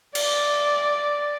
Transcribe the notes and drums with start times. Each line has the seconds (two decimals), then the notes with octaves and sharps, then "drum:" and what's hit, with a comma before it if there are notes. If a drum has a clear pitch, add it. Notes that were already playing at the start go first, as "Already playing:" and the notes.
0.15 D5, drum: cymbal